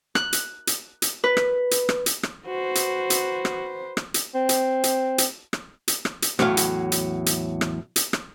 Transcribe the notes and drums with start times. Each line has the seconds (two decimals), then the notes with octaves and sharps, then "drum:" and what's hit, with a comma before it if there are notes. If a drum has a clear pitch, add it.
0.15 F#6, drum: rim click
0.33 drum: hi-hat
0.67 drum: hi-hat
1.02 drum: hi-hat
1.24 B4
1.37 drum: rim click
1.71 drum: hi-hat
1.89 drum: rim click
2.06 drum: hi-hat
2.23 drum: rim click
2.47 F#4 B4 C5
2.75 drum: hi-hat
3.10 drum: hi-hat
3.45 drum: rim click
3.97 drum: rim click
4.14 drum: hi-hat
4.35 C4
4.49 drum: hi-hat
4.84 drum: hi-hat
5.18 drum: hi-hat
5.53 drum: rim click
5.88 drum: hi-hat
6.05 drum: rim click
6.22 drum: hi-hat
6.39 E2 A2 F#3 C#4 F5, drum: rim click
6.57 drum: hi-hat
6.92 drum: hi-hat
7.26 drum: hi-hat
7.61 drum: rim click
7.96 drum: hi-hat
8.13 drum: rim click